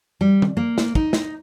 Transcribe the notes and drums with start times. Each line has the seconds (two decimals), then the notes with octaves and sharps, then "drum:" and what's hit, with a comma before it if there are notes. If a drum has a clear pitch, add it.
0.21 G3
0.42 drum: tom D#3
0.57 A#3
0.78 drum: snare
0.95 D#4, drum: kick
1.13 drum: snare